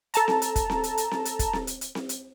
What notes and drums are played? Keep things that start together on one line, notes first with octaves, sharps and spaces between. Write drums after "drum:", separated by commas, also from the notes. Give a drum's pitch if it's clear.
A4 A5 A#5, drum: hi-hat
drum: snare C4
drum: hi-hat
drum: kick, hi-hat
drum: snare C4
drum: hi-hat
drum: hi-hat
drum: snare C4
drum: hi-hat
drum: kick, hi-hat
drum: snare C4
drum: hi-hat
drum: hi-hat
drum: snare C4
drum: hi-hat